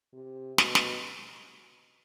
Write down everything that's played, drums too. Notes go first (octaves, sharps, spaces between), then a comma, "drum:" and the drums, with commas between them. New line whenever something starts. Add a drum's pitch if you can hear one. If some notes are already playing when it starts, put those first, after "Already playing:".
C3
B2, drum: snare
drum: snare